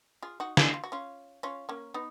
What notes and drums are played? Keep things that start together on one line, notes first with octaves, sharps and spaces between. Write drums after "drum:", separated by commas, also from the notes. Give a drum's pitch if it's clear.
F4 G#4
D#4 F#4
F4 G#4, drum: snare
F4
F#4
C#4 F4
C#4 F4
A#3 C#4
B3 D#4